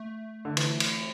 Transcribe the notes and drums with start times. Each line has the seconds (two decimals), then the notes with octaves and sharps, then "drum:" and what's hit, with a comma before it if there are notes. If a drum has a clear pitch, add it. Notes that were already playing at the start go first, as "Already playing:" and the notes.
Already playing: A3
0.45 D3
0.57 E3, drum: cymbal
0.80 drum: cymbal